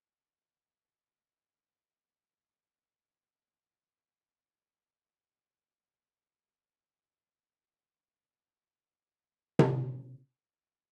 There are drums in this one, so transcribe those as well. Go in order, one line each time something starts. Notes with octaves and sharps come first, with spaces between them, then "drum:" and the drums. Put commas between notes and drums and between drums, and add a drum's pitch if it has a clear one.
E2
G1 D2 C3 D#3
C2
G2
D2 G2
D#4
B4
F#3
A#3 F4
D#3
D4
C#5
D5
G4
G4
A5
A3
C#4
D#2 D3 G3 D4 F4
drum: tom C3